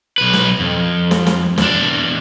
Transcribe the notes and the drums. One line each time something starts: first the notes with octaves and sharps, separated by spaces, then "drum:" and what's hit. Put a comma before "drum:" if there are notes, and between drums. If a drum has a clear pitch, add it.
B1 B4
drum: snare
F2
drum: snare
drum: snare
E2 D4, drum: snare